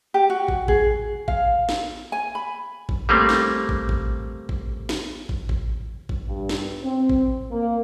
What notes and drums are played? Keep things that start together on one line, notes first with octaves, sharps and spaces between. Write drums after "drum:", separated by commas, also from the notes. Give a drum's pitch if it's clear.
G4
F#4
drum: kick
G#4, drum: kick
F5, drum: kick
drum: snare
G#5
B5
drum: kick
G3 A3 A#3 C4
drum: snare
drum: kick
drum: kick
drum: kick
drum: snare
drum: kick
drum: kick
drum: kick
G2
drum: snare
C4
drum: kick
A#3